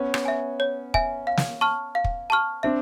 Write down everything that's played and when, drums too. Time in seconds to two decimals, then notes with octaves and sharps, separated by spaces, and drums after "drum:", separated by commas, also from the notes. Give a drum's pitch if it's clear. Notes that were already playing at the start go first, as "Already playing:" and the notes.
Already playing: B3 C#4
0.14 drum: rim click
0.25 E5 G#5
0.60 C#5
0.94 E5 G#5, drum: kick
1.27 F5
1.37 drum: snare
1.61 A5 C#6 F6
1.95 F5
2.04 drum: kick
2.30 A5 C#6 F6
2.63 C4 D4 E5